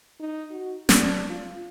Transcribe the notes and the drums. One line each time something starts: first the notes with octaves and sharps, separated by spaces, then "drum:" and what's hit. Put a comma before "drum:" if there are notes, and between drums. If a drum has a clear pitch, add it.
D#4
F#4
D4, drum: snare
F4